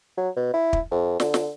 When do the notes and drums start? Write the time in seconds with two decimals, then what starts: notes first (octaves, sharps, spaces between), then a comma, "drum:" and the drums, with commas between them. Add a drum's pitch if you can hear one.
0.17 F#3
0.36 B2
0.54 E4
0.73 drum: kick
0.91 F2
1.20 D3, drum: snare
1.34 drum: snare